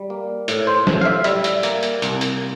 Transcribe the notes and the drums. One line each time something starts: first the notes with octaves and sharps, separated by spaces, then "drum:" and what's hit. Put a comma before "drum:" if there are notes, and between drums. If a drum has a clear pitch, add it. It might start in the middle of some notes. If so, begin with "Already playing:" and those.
Already playing: G3
A#3
A2, drum: hi-hat
C5
A2, drum: snare
F5
E5
G3 E5, drum: hi-hat
drum: hi-hat
A#3, drum: hi-hat
drum: hi-hat
C2, drum: hi-hat
drum: hi-hat